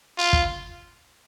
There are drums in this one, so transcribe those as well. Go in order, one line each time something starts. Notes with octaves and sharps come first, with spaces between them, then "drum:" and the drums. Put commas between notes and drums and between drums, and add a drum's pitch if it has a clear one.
F4
drum: kick